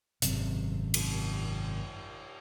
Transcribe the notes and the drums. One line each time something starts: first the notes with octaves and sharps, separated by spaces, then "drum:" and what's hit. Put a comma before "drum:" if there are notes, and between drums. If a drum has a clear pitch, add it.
G#1 F#2 C3, drum: hi-hat
drum: cymbal